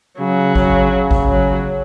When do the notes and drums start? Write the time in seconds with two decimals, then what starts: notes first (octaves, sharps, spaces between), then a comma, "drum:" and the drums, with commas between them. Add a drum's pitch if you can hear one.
0.18 C#3 F#3
0.55 C#3, drum: kick G#1
0.92 C#3
1.11 drum: kick G#1
1.29 F#3